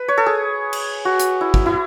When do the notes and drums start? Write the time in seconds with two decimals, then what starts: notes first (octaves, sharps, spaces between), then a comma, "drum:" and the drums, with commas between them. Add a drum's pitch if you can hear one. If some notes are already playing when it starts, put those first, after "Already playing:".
Already playing: B4
0.08 C#5
0.18 A4
0.26 G#4
0.73 drum: cymbal
1.05 F#4
1.20 drum: hi-hat
1.41 E4
1.54 drum: kick
1.66 E4